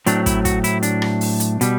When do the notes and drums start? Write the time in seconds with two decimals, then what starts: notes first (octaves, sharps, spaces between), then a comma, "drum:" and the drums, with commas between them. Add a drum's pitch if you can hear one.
0.06 A2 F#3 A3 C4 D4, drum: hi-hat
0.26 E4, drum: kick, hi-hat
0.45 F#4, drum: kick, hi-hat
0.64 E4, drum: hi-hat
0.83 D4, drum: hi-hat
1.02 drum: rim click
1.21 drum: open hi-hat
1.40 drum: hi-hat
1.61 B2 G3, drum: hi-hat